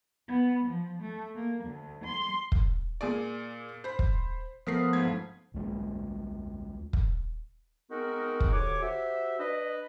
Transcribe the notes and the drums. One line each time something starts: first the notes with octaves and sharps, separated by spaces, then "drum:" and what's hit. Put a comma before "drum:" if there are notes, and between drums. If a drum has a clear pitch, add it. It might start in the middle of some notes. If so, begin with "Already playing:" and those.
B3
F3
A3
A#3
D2
C6
drum: kick
A#2 G#4 D5
C5 B5
drum: kick
F3 A3 B3 A#4 C7
G#2 A3 G#6
D2 G#3 A#3
drum: kick
G#3 B3 C4 D#4 F#4 A#4
drum: kick
D2 D3 G4 C#5 G#5 D6
F#4 G4 C5 E5
D4 B4 D#5